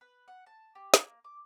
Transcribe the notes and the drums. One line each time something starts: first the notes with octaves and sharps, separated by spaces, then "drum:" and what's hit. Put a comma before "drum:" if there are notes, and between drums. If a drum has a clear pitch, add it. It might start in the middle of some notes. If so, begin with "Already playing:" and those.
B4
F#5
A5
G4
A#3, drum: snare
D6